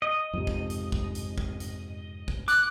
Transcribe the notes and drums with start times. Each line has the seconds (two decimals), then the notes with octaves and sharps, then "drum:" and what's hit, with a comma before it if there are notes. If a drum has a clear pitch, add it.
0.02 D#5
0.33 F2 G#2 C3
0.47 drum: kick
0.70 drum: hi-hat
0.92 drum: kick
1.15 drum: hi-hat
1.38 drum: kick
1.60 drum: hi-hat
2.28 drum: kick
2.48 D6 F#6, drum: hi-hat